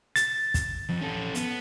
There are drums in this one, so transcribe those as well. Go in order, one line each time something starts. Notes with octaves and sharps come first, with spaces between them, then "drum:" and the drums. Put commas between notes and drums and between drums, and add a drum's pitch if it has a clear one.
A6, drum: hi-hat
drum: kick, hi-hat
F2
C#4 A4
B3, drum: hi-hat